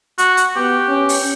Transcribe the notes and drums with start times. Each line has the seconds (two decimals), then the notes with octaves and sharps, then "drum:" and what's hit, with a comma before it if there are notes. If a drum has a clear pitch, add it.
0.18 F#4, drum: hi-hat
0.37 drum: hi-hat
0.56 B3 G4
0.89 C#4
1.09 drum: open hi-hat